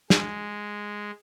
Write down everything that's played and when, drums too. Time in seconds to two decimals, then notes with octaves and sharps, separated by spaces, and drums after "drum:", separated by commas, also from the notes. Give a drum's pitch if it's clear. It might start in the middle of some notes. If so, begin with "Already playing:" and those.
0.10 G#3, drum: snare